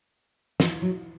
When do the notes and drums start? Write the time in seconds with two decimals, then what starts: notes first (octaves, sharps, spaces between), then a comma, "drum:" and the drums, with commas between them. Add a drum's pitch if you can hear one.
0.60 E3, drum: snare
0.82 F#3